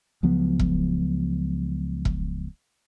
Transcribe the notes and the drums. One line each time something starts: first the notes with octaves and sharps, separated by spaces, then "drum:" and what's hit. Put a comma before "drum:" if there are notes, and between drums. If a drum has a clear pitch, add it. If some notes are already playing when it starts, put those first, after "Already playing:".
C#2 F3 F#3 B3
drum: kick E1
drum: kick E1